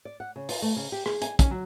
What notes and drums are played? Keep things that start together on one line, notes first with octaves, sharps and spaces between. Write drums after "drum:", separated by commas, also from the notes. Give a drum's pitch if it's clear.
D5
F#5
C#3
F4, drum: open hi-hat
A3
C#3
G4
G#4, drum: rim click
G#5, drum: hi-hat
C#4, drum: kick, hi-hat
F#3